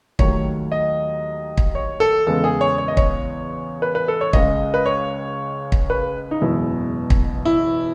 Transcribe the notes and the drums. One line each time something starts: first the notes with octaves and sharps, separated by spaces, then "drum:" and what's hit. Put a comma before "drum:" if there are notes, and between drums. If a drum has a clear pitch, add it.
D#2 D#3 F#3 A3 C#5, drum: kick
D#5
drum: kick
C#5
A4
E2 C#3 G#3 B3 A4
G#4
C#5
C#5
D#5
C#5, drum: kick
B4
B4
A4
C#5
C#2 C#3 G#3 D#5, drum: kick
B4
C#5
drum: kick
B4
D#4
F#1 E2 B2 G#3 E4
drum: kick
E4